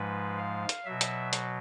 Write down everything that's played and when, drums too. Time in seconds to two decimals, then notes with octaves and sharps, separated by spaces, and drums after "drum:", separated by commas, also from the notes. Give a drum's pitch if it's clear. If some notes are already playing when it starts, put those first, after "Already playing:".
Already playing: G#2 F3 G#3 B4
0.37 F5
0.69 drum: hi-hat
0.85 B2 F#3 E5
1.01 drum: hi-hat
1.33 drum: hi-hat